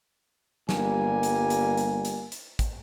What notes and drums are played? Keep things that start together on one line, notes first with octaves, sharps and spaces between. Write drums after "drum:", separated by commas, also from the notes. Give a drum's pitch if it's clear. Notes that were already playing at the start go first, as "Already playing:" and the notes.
G1 G3 A#3 G#5, drum: snare
drum: hi-hat
drum: hi-hat
drum: hi-hat
drum: hi-hat
drum: hi-hat
drum: kick, hi-hat